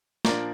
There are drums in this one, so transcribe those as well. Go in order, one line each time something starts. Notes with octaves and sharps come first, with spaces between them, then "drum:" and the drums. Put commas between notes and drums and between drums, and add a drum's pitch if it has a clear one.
A#2 F3 A#3 D4 A#4 D5, drum: snare